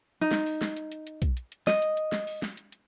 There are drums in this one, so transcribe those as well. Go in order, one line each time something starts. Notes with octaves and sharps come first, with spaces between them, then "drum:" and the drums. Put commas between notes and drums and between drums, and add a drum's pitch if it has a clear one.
D#4
drum: snare
drum: open hi-hat
drum: snare
drum: hi-hat
drum: hi-hat
drum: hi-hat
drum: kick B1, hi-hat
drum: hi-hat
drum: hi-hat
D#5, drum: snare
drum: hi-hat
drum: hi-hat
drum: snare
drum: open hi-hat
drum: snare
drum: hi-hat
drum: hi-hat